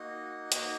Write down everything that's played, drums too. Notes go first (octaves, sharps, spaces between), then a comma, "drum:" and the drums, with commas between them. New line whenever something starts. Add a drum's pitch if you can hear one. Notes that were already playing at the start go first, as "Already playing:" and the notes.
Already playing: A#3 D#4 F#4 D#5
A#3 D#4 F#4, drum: hi-hat